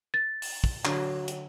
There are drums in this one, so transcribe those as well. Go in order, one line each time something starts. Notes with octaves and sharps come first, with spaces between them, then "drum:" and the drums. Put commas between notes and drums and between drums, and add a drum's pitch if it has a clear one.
A6
drum: open hi-hat
drum: kick
D3 F#3, drum: clap
drum: hi-hat